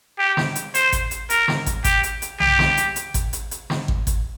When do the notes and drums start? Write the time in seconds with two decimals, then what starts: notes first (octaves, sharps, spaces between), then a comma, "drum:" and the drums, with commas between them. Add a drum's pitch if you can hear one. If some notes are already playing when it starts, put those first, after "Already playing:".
0.19 G4
0.37 drum: snare
0.55 drum: hi-hat
0.74 C5, drum: hi-hat
0.92 drum: kick, hi-hat
1.11 drum: hi-hat
1.30 A#4, drum: hi-hat
1.48 drum: snare
1.66 drum: kick, hi-hat
1.84 G4, drum: kick, hi-hat
2.03 drum: hi-hat
2.22 drum: hi-hat
2.40 G4, drum: tom B1
2.59 drum: snare
2.77 drum: hi-hat
2.96 drum: hi-hat
3.14 drum: kick, hi-hat
3.33 drum: hi-hat
3.51 drum: hi-hat
3.70 drum: snare
3.88 drum: kick
4.07 drum: kick, hi-hat